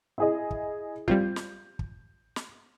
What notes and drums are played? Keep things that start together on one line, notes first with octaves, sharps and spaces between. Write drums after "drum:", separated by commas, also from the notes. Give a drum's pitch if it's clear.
E4 G#4 D#5
drum: kick
G3 C4 F4 G6, drum: kick
drum: snare
drum: kick
drum: snare